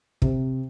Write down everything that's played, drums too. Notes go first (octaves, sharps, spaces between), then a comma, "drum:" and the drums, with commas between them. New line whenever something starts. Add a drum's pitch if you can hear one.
C3, drum: kick